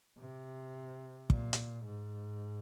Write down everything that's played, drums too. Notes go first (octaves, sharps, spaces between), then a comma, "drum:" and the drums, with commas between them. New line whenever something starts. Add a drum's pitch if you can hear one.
C3
A#2, drum: kick
drum: hi-hat
G#2